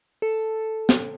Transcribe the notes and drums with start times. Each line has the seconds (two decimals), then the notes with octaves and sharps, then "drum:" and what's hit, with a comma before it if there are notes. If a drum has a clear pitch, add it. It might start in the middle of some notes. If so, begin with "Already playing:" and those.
0.22 A4
0.89 drum: snare